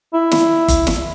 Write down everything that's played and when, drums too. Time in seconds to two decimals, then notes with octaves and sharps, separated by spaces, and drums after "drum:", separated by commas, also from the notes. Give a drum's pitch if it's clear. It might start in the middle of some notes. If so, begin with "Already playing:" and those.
0.14 E4
0.32 drum: snare
0.68 drum: kick G1, hi-hat
0.87 drum: snare